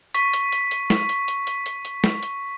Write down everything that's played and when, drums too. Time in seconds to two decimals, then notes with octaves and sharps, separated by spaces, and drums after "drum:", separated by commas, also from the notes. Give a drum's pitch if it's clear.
0.15 C#6 B6, drum: hi-hat
0.33 drum: hi-hat
0.52 drum: hi-hat
0.71 drum: hi-hat
0.90 drum: snare
1.09 drum: hi-hat
1.28 drum: hi-hat
1.47 drum: hi-hat
1.66 drum: hi-hat
1.85 drum: hi-hat
2.04 drum: snare
2.23 drum: hi-hat